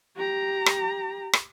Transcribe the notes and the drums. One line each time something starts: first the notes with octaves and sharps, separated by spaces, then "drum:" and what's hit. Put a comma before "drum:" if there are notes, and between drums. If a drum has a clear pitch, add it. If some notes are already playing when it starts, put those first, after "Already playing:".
G4 A#5
drum: rim click
drum: rim click